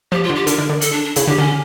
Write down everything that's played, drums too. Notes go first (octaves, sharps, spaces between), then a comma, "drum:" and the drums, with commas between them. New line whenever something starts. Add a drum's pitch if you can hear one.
F3 G4
F4
D3
G4
D3 A#4, drum: hi-hat
D3
D3
A4, drum: hi-hat
D4
D4
C#3 E4, drum: hi-hat
D3 G4
D3 C#4